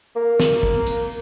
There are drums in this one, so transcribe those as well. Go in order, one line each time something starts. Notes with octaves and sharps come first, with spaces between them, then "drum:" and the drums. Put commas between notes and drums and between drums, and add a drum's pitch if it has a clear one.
A#3
drum: snare
drum: kick
drum: cymbal